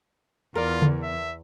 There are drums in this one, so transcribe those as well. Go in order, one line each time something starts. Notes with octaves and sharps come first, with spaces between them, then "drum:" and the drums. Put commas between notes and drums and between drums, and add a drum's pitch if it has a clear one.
E2 F4 A#4 D5
drum: tom C#3
E5